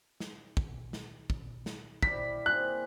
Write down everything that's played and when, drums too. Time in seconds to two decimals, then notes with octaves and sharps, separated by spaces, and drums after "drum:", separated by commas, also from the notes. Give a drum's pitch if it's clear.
0.20 drum: snare
0.57 drum: kick
0.93 drum: snare
1.30 drum: kick
1.66 drum: snare
2.03 G3 E4 D5 B6, drum: kick
2.46 A#3 C4 G#4 F#6